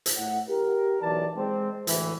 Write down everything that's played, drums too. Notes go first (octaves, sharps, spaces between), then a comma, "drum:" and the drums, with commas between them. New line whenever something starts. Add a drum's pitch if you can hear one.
drum: hi-hat
A2 F#5
G4 A#4
B1 E3 D5 A5
G#3 C4
D2 A2 E3, drum: hi-hat